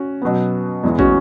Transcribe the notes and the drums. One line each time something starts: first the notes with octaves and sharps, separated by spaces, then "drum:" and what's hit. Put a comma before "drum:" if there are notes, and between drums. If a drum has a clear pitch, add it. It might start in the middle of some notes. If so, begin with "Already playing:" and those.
Already playing: C#4 F#4
B2 F#3 B3
E2 E3 G#3
C#4 F#4, drum: kick